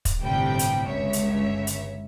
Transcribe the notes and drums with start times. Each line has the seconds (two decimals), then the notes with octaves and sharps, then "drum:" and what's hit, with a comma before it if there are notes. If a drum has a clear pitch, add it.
0.05 drum: kick, hi-hat
0.21 G1 A2 C3 G3 G5
0.59 drum: hi-hat
0.86 G1 C#2 C#5 E5
1.13 drum: hi-hat
1.67 drum: hi-hat